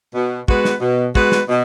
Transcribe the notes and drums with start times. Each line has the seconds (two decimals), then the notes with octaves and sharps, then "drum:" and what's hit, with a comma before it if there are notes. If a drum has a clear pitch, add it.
0.15 B2
0.48 G#3 B3 F#4 B4, drum: kick
0.65 drum: snare
0.81 B2
1.15 G#3 B3 F#4 B4, drum: kick
1.32 drum: snare
1.49 B2